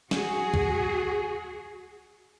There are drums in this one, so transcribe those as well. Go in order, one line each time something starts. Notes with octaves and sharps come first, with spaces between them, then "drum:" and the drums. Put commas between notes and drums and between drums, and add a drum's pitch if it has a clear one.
F#4 G#4, drum: snare
drum: kick C2